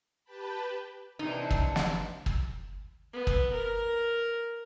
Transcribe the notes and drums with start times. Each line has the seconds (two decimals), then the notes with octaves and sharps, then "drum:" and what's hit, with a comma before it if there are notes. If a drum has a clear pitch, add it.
0.25 G4 B4 G5 A5 B5
1.19 C3 E3 D4 D#4
1.50 drum: kick
1.76 drum: snare
2.26 drum: kick
3.13 B3
3.27 drum: kick
3.52 A#4